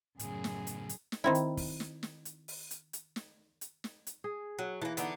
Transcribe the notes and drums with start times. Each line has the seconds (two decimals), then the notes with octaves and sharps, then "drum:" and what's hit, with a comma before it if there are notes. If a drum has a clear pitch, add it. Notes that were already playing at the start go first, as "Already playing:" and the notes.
0.19 F#2 A2 C#3 G#4, drum: hi-hat
0.44 drum: snare
0.67 drum: hi-hat
0.89 drum: hi-hat
1.12 drum: snare
1.24 D#3 C4 E4
1.35 drum: hi-hat
1.57 drum: kick, open hi-hat
1.80 drum: snare
2.03 drum: snare
2.25 drum: hi-hat
2.48 drum: open hi-hat
2.71 drum: hi-hat
2.93 drum: hi-hat
3.16 drum: snare
3.61 drum: hi-hat
3.84 drum: snare
4.07 drum: hi-hat
4.24 G#4
4.59 F#3
4.82 E3 A3 A#3
4.97 D3 B3 D#4, drum: hi-hat